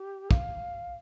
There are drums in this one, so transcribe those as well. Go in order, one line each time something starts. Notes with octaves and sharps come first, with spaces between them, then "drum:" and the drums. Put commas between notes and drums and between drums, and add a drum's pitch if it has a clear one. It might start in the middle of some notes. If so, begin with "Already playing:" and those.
Already playing: G4
F5, drum: kick